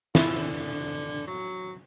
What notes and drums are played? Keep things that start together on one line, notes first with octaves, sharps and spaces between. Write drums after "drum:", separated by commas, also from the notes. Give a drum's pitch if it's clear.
E4 F4, drum: snare
D3
F#3